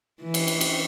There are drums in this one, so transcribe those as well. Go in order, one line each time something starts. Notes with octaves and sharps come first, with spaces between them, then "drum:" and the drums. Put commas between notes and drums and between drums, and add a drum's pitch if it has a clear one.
E3
drum: cymbal
drum: cymbal
drum: cymbal